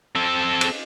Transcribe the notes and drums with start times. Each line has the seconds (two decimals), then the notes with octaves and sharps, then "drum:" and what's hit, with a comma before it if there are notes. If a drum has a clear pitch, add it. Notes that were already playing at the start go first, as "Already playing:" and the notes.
0.15 C4 A4
0.61 drum: cymbal